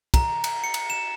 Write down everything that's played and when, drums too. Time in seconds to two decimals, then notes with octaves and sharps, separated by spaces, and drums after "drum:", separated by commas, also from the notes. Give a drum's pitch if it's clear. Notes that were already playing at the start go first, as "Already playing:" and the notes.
0.14 A#5, drum: kick, cymbal
0.44 drum: cymbal
0.64 C#7
0.74 drum: cymbal
0.90 E7